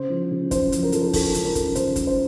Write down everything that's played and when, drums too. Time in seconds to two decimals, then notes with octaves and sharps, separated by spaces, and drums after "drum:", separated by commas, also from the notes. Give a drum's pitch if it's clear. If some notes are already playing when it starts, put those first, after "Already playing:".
Already playing: C#3 C5
0.10 F3
0.31 C#3
0.51 F#2 C5, drum: kick, hi-hat
0.72 F3, drum: hi-hat
0.83 A#4
0.92 F3 A4, drum: hi-hat
1.02 A#4
1.14 F#2 A4, drum: kick, open hi-hat
1.34 C#3, drum: hi-hat
1.45 A#4
1.55 F#2, drum: kick, hi-hat
1.75 C#3 C5, drum: hi-hat
1.96 F#2, drum: kick, hi-hat
2.07 C5